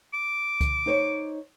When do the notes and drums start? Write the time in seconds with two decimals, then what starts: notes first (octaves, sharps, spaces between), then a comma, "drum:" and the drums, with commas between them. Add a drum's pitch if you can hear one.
0.14 D6
0.61 drum: kick C#2, hi-hat
0.86 D#4 C5 C#5